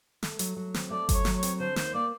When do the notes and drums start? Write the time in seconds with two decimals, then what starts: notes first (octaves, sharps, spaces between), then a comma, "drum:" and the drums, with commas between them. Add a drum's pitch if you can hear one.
0.23 A3, drum: snare
0.39 F#3, drum: hi-hat
0.56 F#3
0.74 C4, drum: snare
0.90 A3 D5
1.09 F#3 C#5, drum: kick G1, hi-hat
1.25 F#3, drum: snare
1.37 C#5
1.43 C4, drum: hi-hat
1.60 D3 C5
1.76 D#2 C5, drum: snare
1.94 A#3 D5